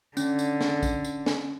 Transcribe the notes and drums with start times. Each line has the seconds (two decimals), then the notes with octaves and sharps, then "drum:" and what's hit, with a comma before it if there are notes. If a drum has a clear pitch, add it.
0.17 D3 C#4, drum: tambourine
0.39 drum: tambourine
0.61 drum: snare
0.83 drum: kick, tambourine
1.04 drum: tambourine
1.26 drum: snare